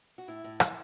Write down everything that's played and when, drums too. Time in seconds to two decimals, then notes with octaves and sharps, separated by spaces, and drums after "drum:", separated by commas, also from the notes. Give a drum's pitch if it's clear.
0.18 F#4
0.28 A2 E4
0.44 A2
0.60 E3, drum: rim click